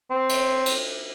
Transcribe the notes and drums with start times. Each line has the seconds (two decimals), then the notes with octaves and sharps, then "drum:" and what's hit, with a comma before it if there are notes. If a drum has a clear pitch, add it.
0.11 C4
0.29 drum: cymbal
0.66 drum: cymbal